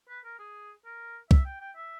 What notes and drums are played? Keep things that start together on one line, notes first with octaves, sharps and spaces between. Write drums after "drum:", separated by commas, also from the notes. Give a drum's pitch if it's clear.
B4
A#4
G#4
A#4
E5, drum: kick
G5
G5
E5